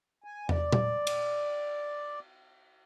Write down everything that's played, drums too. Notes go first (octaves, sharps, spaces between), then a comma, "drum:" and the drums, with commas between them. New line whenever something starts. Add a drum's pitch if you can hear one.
G#5
D5, drum: tom E2
drum: tom A#2
drum: cymbal